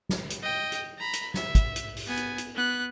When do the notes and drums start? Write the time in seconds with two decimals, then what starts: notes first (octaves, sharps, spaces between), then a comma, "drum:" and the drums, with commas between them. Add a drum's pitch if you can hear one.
0.09 drum: snare
0.30 drum: hi-hat
0.43 D#5 G5
0.72 drum: hi-hat
0.98 A#5 B5
1.13 drum: hi-hat
1.34 E5, drum: snare
1.55 drum: kick, hi-hat
1.76 drum: hi-hat
1.96 drum: open hi-hat
2.07 B3 G#5
2.17 drum: hi-hat
2.38 drum: hi-hat
2.55 B3 F#6